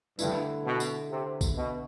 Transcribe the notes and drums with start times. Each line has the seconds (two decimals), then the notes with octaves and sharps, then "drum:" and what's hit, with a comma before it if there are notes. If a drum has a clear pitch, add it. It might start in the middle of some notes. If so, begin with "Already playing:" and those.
0.19 G2 D3 A3 E4, drum: tambourine
0.65 B2
0.80 drum: tambourine
1.10 C3
1.41 drum: kick, tambourine
1.56 B2